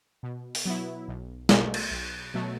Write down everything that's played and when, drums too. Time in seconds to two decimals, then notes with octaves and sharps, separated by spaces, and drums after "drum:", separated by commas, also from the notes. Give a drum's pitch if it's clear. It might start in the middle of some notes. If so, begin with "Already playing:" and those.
0.23 B2
0.55 drum: open hi-hat
0.65 F#3 B3 E4
1.08 B1
1.49 B2 A3, drum: snare
1.74 drum: cymbal
1.91 B1
2.34 B2 F#3 A3